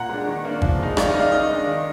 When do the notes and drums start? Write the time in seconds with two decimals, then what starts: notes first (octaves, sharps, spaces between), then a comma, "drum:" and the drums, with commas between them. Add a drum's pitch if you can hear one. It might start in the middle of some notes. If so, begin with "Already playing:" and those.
Already playing: A#2 F#5 A#5
0.09 G#3 D4
0.27 D#3
0.45 A#3 D4
0.62 F3, drum: kick
0.79 G#3 D#4
0.97 D#3 D5 F5, drum: rim click
1.09 D#5
1.15 G#3 D#4
1.20 D5 F5
1.32 D#3 D#5
1.50 G#3 D4
1.67 D#3